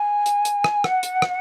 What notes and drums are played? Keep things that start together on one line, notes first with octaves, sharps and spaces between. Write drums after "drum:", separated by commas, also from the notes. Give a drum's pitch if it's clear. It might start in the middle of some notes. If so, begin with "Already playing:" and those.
Already playing: G#5
drum: hi-hat
drum: hi-hat
drum: rim click
F#5, drum: rim click
drum: hi-hat
drum: rim click